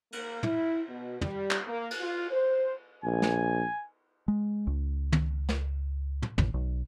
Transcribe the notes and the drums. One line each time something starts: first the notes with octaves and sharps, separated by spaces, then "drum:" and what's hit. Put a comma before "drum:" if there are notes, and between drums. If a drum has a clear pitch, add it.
A#3, drum: cymbal
E4, drum: tom
B2
G3, drum: tom
drum: clap
A#3
drum: cymbal
F4
C5
A#1 G#5
drum: snare
G#3
C#2
drum: tom
drum: snare
drum: tom
A1, drum: tom
B1